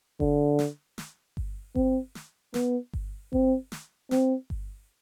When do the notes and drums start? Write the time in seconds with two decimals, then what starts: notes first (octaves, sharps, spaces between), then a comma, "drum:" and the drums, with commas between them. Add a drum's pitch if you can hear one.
0.20 D3, drum: kick G1
0.59 drum: snare
0.98 drum: snare
1.37 drum: kick G1
1.75 C4, drum: kick G1
2.15 drum: snare
2.54 B3, drum: snare
2.93 drum: kick G1
3.33 C4, drum: kick G1
3.72 drum: snare
4.11 C4, drum: snare
4.50 drum: kick G1